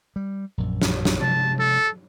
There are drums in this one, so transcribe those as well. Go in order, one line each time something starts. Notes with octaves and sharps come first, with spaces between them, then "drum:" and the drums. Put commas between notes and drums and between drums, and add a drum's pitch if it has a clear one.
G3
A#1 F#2
drum: snare
drum: snare
C3 F3 G#3 A5
A4